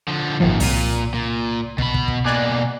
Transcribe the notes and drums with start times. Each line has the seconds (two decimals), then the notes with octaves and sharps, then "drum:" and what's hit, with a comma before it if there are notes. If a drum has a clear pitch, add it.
0.08 D3 F3
0.40 G#1 F#2 A#2 D#3 F3
0.60 C2 A#2 D#7, drum: open hi-hat
1.14 A#2
1.78 B2 B5, drum: kick
1.94 drum: kick
2.08 drum: kick
2.25 B2 A#3 D5 G#5 F#6